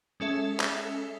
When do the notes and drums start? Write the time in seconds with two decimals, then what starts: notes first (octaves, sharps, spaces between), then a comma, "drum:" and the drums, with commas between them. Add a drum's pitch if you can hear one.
0.20 G#3 C#4 A4 E5
0.60 drum: clap